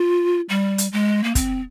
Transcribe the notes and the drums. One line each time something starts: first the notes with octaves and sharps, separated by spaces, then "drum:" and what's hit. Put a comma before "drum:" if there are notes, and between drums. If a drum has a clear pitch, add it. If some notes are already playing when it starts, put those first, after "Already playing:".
Already playing: F4
G3
drum: hi-hat
G#3
A#3
C4, drum: kick, hi-hat